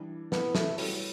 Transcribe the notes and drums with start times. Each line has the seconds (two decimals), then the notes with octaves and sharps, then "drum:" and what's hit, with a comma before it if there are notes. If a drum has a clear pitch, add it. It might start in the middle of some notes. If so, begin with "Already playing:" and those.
Already playing: E3 G3 D4
0.32 E3 A3 B3 E4 A4, drum: snare
0.55 A3, drum: snare
0.78 F#3 G3 C#4 E4 B4, drum: open hi-hat